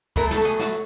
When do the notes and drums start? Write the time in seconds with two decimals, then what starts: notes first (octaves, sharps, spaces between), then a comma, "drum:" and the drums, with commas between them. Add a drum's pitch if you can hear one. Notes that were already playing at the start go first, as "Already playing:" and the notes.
0.16 B2 F#3 A3 A#4, drum: kick, hi-hat
0.31 A4, drum: snare
0.45 G#4, drum: hi-hat
0.60 F#4, drum: snare